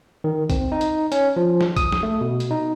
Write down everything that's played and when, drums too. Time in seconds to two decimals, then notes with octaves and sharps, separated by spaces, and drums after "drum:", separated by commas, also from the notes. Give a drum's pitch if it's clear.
0.24 D#3
0.50 C4, drum: kick, hi-hat
0.72 D#4
0.81 drum: hi-hat
1.12 C#4, drum: hi-hat
1.36 F3
1.61 drum: snare
1.77 D#6, drum: kick, hi-hat
1.92 drum: snare
2.03 A3
2.21 B2
2.40 drum: hi-hat
2.51 D#4